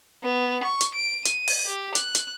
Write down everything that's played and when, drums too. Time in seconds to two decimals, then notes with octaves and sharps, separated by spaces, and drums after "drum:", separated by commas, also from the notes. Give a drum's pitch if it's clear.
0.23 B3
0.63 C#6
0.81 drum: hi-hat
0.94 D7
1.25 D#7, drum: hi-hat
1.48 drum: open hi-hat
1.66 G4
1.95 F#6, drum: hi-hat
2.15 drum: hi-hat